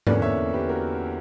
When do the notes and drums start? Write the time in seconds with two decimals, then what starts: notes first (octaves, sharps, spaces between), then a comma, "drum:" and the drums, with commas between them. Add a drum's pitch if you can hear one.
0.07 E2 D3 A#3 C#4 B4 D5, drum: tom G#2
0.22 C#5 E5
0.53 G4 B4
0.69 F#4 A#4